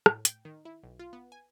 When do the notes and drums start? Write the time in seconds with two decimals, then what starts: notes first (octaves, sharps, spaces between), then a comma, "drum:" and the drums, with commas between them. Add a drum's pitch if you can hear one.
0.06 A2, drum: rim click
0.25 G5, drum: hi-hat
0.45 D#3
0.65 E4
0.83 B1
0.99 F4
1.13 B3
1.32 G#5